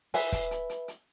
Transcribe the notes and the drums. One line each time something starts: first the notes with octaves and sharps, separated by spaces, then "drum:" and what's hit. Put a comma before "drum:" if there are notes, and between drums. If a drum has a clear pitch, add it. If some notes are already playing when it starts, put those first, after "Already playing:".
B4 E5 G#5, drum: open hi-hat
drum: kick, hi-hat
drum: hi-hat
drum: hi-hat
drum: hi-hat